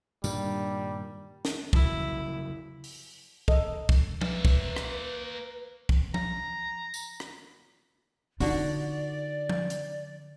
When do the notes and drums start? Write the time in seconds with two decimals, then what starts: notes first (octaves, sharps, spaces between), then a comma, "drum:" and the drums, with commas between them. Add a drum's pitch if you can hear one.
0.24 G2 A#2 D#3 G3, drum: tambourine
1.45 drum: snare
1.73 C#3 F3 F#3 E4, drum: kick
2.84 drum: open hi-hat
3.48 A4 D#5, drum: kick
3.89 drum: kick
4.21 A#3 B4 E5, drum: tom F3
4.45 drum: kick
4.76 drum: rim click
5.89 drum: kick
6.14 A#5, drum: tom F3
6.94 drum: tambourine
7.20 drum: rim click
8.40 D3 D#4 F4 F#4 D5, drum: open hi-hat
9.49 drum: tom F3
9.70 drum: hi-hat